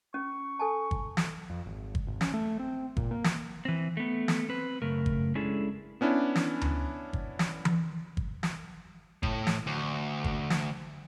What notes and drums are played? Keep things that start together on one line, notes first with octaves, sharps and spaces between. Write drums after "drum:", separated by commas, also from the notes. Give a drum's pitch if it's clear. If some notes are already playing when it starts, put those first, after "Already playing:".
C#4 C#6
A4 G#5 A5
drum: kick G1
drum: snare
F2
G#1
drum: kick G1
G#1
C#4, drum: snare
A3
C4
A#2, drum: kick G1
A#3
drum: snare
E3 C4
A3 B3
drum: snare
C4 B4
F#2 C#3 A3 A#4
drum: kick G1
G#3 C#4 D4 E4 G#4 A4
B3 C#4 D4 E4
drum: snare
drum: tom D2
drum: kick G1
drum: snare
drum: tom E3
drum: kick G1
drum: snare
A2, drum: kick G1
drum: snare
D2
drum: kick G1
drum: snare